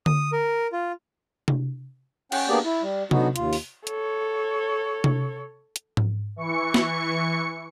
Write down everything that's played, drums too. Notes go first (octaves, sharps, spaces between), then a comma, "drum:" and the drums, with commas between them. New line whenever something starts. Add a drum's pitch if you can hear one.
D#6, drum: tom D3
A#4
F4
drum: tom C3
C#4 F#5 G5, drum: cymbal
A#3 B3 D4 G4 G#4 D5
E4
G3
D3 F#3 B3 D#4 F#4, drum: tom C3
D#2 F4, drum: hi-hat
drum: open hi-hat
A4 C#5, drum: hi-hat
drum: tom C3
drum: hi-hat
drum: tom G#2
E3 C#6 C#7
drum: snare